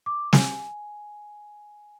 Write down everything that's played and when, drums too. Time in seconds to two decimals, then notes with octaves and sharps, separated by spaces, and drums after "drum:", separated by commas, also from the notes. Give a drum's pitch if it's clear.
0.06 D6
0.33 G#5, drum: snare